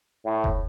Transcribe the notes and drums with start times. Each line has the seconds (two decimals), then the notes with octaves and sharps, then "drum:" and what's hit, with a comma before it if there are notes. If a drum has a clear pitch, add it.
0.25 A2
0.44 drum: kick F1